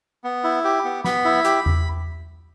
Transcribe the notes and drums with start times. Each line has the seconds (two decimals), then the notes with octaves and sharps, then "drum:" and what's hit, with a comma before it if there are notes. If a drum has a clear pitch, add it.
0.24 B3
0.44 E4
0.65 G4
0.85 B3
1.04 B3 B5, drum: snare
1.25 E4
1.45 G4, drum: hi-hat
1.66 drum: tom E2